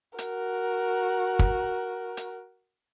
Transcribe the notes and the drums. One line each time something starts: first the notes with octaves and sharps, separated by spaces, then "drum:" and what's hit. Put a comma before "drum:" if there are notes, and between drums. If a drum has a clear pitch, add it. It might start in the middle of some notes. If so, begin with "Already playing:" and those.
F#4 A#4, drum: hi-hat
drum: kick
drum: hi-hat